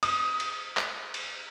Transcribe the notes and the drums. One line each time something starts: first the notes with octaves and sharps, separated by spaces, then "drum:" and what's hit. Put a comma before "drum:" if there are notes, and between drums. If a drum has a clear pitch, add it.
D#6, drum: cymbal
drum: cymbal
drum: clap
drum: cymbal